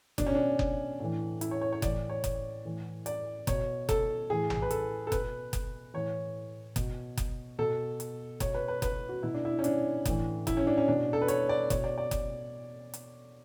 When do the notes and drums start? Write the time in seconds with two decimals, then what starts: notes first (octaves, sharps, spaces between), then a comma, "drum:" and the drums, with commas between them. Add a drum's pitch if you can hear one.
0.18 B2 D4, drum: kick F#1, hi-hat
0.26 C#4
0.35 D4
0.59 drum: kick F#1
1.00 A2 E3
1.41 E4, drum: hi-hat
1.51 C#5
1.61 C#5
1.73 C#5
1.82 A2 E3 D5, drum: kick F#1, hi-hat
2.09 C#5
2.24 drum: kick F#1, hi-hat
2.65 A2 E3
3.06 D5, drum: hi-hat
3.47 B2 C#5, drum: kick F#1, hi-hat
3.89 A4, drum: kick F#1, hi-hat
4.30 A2 E3 G#4
4.50 drum: tom A#1
4.62 B4
4.71 A4, drum: hi-hat
5.07 A4
5.12 B2 B4, drum: kick F#1, hi-hat
5.53 drum: kick F#1, hi-hat
5.94 A2 E3 C#5
6.76 B2, drum: kick F#1, hi-hat
7.17 drum: kick F#1, hi-hat
7.59 B2 A4
8.00 drum: hi-hat
8.40 B2 C#5, drum: kick F#1, hi-hat
8.54 B4
8.68 B4
8.82 B4, drum: kick F#1, hi-hat
9.09 F#4
9.23 B2 E4
9.34 D4
9.45 E4
9.59 C#4
9.64 D4, drum: hi-hat
10.05 A2 E3, drum: kick F#1, hi-hat
10.47 E4, drum: kick F#1, hi-hat
10.57 C#4
10.67 D4
10.78 C#4
10.88 B2 D4
11.13 A4
11.22 B4
11.28 C#5, drum: hi-hat
11.49 D5
11.70 B2 C#5, drum: kick F#1, hi-hat
11.84 D5
11.98 D5
12.11 drum: kick F#1, hi-hat
12.94 drum: hi-hat